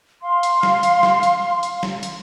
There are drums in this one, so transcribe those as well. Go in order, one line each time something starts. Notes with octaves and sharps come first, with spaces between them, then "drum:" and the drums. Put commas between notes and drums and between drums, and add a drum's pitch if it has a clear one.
F5 C6
drum: hi-hat
drum: snare
drum: hi-hat
drum: snare
drum: hi-hat
drum: hi-hat
drum: snare
drum: hi-hat